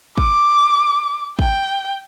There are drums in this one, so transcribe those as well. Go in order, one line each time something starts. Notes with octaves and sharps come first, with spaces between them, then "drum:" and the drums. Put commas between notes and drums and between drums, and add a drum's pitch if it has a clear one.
D6, drum: kick
G5, drum: kick